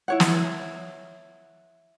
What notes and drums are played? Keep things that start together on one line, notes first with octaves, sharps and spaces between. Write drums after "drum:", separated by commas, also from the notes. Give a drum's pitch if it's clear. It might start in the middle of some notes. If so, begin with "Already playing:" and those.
E4 C#5 F#5
drum: snare